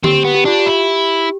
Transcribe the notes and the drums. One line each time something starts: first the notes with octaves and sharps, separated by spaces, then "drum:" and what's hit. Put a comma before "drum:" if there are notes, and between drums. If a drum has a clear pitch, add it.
C4 G4, drum: tom D3
B3
G4
D4 F4
G4
E4